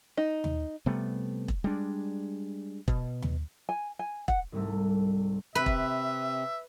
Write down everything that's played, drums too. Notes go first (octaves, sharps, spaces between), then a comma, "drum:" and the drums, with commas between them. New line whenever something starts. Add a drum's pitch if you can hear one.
D#4
drum: tom D#2
C3 G3 A3 B3
drum: kick E1
G3 G#3 D4
B2, drum: kick E1
drum: tom D#2
G#5
G#5
F#5, drum: kick E1
C2 G#2 C3 G3 A3
C3 B4 E5
drum: kick E1